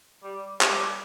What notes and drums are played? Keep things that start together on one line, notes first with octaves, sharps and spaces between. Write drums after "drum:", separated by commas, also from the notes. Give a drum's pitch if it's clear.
G3
G3, drum: clap